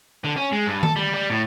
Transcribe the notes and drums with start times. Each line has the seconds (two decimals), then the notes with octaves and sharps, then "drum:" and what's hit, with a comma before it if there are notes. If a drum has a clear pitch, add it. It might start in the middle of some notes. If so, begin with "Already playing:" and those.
0.24 D3
0.36 C#4
0.52 G#3
0.66 G2
0.83 A4, drum: tom D#3
0.96 G3
1.14 G3
1.30 A2